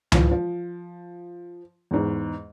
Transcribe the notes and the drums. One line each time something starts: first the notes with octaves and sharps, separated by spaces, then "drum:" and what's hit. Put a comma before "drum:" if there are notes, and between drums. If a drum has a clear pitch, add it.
E3 F3, drum: tom C#2
F3
E2 G#2